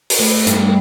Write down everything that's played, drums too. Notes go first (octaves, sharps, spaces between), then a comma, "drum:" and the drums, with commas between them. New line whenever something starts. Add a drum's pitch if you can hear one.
drum: open hi-hat
A2 A3
G2 A3 B3, drum: hi-hat